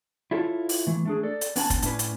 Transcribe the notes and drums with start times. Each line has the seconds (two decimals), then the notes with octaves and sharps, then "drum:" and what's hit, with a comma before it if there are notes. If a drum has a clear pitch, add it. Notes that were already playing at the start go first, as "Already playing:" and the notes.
0.31 E4 F4 A4 C#5 F5
0.69 drum: open hi-hat
0.87 E3 A3
1.05 A3 D4 G#4
1.23 A4 D5
1.41 drum: hi-hat
1.56 B3 C#4 G#5 A5, drum: open hi-hat
1.70 drum: kick, hi-hat
1.82 A2 C#4 D4 B4, drum: hi-hat
1.99 drum: hi-hat